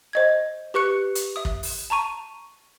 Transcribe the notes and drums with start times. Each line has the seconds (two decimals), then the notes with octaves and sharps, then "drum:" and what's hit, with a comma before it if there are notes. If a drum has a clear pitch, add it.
0.13 C5 D#5 G#6
0.74 G4 B4 C#6 F#6 C#7
1.15 drum: hi-hat
1.36 E5 D#6
1.45 drum: kick
1.63 drum: open hi-hat
1.90 A5 A#5 C#6 D#7